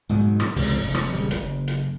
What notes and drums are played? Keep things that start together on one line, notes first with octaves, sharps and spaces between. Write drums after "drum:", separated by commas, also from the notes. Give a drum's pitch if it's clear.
G#2 B2 D#3 F#3
drum: rim click
C#2 C3 F3, drum: open hi-hat
F1 F2
drum: rim click
D#1 C#3 G3
F#1, drum: hi-hat
drum: hi-hat